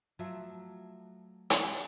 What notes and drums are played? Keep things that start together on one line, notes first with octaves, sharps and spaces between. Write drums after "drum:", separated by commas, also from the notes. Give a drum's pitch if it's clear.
F3 F#3 A3 E5
drum: hi-hat